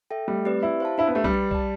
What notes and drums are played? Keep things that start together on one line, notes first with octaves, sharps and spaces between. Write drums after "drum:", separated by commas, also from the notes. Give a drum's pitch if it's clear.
A4 E5 G5
G3 A3
C4 G4 B4 D5
E4 G4
C5 F5 A5
D4 E4
B3
A3 G4 B4
G3, drum: kick B1
G4
D5 A5, drum: kick B1